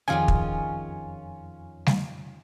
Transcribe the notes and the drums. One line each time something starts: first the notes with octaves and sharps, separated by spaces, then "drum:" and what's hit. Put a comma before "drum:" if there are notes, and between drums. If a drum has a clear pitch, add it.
F2 D#3 C#4 F4 G#4 D5 G#5
drum: kick
drum: snare G3